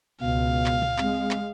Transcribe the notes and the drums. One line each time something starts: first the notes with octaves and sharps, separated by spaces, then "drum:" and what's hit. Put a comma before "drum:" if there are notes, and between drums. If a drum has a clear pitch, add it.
C#2 B2 F5
drum: clap
drum: tom
G#3 C4, drum: clap
drum: clap